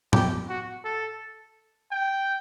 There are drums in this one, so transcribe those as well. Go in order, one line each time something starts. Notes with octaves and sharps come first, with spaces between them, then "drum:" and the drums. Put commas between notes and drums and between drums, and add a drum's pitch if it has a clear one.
G4, drum: tom A2
F#4
A4
G5